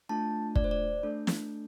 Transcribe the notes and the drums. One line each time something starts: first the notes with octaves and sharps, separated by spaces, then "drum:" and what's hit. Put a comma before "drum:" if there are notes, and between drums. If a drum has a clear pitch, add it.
A3 D4 F4 A5
D5, drum: kick
C5
D5
A3 D4 A4
drum: snare